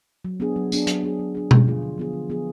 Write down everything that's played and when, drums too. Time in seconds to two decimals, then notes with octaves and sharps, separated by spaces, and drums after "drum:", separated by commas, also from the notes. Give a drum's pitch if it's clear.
0.25 F#3
0.40 B3 D4 G#4
0.56 F#3
0.72 B3 D4 G#4, drum: tambourine
0.87 F#3, drum: hi-hat
1.03 B3 D4 G#4
1.19 F#3
1.35 B3 D4 G#4
1.51 D3, drum: tom B2
1.66 F3 B3 F4 G#4
1.82 D3
1.98 F3 B3 F4 G#4
2.13 D3
2.30 F3 B3 F4 G#4